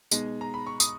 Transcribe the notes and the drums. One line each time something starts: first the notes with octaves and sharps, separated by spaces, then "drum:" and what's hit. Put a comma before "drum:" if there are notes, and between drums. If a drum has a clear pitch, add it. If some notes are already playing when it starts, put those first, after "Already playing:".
B2 G#3 D#4, drum: tambourine
A#5
B5
C#6
D#6, drum: tambourine